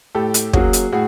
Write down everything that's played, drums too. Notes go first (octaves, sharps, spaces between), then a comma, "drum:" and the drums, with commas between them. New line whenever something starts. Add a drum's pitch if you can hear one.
A2 G4 A4
drum: hi-hat
F#3 A#3 C#4 F#4 G#4, drum: kick
drum: hi-hat
A2 F#4 G#4